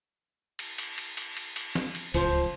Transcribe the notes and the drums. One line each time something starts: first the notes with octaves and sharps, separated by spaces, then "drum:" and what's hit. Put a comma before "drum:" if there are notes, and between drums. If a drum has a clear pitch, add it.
drum: cymbal
drum: cymbal
drum: cymbal
drum: cymbal
drum: cymbal
drum: cymbal
drum: snare
drum: cymbal
D1 C#2 F3 C5, drum: cymbal